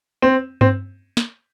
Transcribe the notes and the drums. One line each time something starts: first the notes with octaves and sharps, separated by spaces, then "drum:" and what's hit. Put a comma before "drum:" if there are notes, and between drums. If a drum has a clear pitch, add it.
C4
C4, drum: tom G2
drum: snare